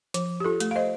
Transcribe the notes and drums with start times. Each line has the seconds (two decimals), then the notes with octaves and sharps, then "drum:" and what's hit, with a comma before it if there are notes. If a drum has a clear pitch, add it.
0.14 F3, drum: hi-hat
0.40 G4
0.44 F4 A4
0.60 A3, drum: hi-hat
0.71 F5
0.76 C5 D#5